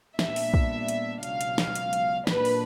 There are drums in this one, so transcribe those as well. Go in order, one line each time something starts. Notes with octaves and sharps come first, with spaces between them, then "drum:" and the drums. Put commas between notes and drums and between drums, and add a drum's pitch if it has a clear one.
A#2 G3 B3 D4 E5, drum: snare
drum: open hi-hat
drum: kick
drum: hi-hat
C#2 B2 F#3 F5, drum: hi-hat
drum: hi-hat
drum: snare
drum: hi-hat
drum: hi-hat
A#2 F#3 A#3 D4 B4, drum: snare
drum: open hi-hat